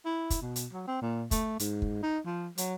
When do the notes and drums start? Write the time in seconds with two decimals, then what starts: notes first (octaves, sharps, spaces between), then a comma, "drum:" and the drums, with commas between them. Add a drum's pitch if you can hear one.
0.05 E4
0.30 drum: kick, hi-hat
0.41 B2
0.56 drum: hi-hat
0.73 F#3
0.87 C4
1.02 A#2
1.31 A3, drum: kick, hi-hat
1.59 G#2, drum: hi-hat
1.82 drum: kick
2.03 D#4
2.26 F3
2.58 F#3, drum: hi-hat